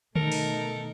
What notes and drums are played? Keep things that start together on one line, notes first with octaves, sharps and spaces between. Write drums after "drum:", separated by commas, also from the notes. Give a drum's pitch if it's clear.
B2 D#3 A3 D#4 A4 A#4, drum: tom D3
drum: open hi-hat